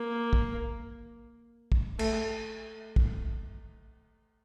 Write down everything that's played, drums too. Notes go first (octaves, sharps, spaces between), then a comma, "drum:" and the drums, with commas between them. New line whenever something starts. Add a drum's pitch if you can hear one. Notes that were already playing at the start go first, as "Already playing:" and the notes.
Already playing: A#3
drum: kick
drum: kick
A3, drum: cymbal
drum: kick